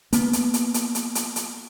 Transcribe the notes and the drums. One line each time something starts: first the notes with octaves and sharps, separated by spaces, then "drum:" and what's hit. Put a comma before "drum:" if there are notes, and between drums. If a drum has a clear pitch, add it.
A#3 B3, drum: hi-hat
drum: hi-hat
drum: hi-hat
drum: hi-hat
drum: hi-hat
drum: hi-hat
drum: hi-hat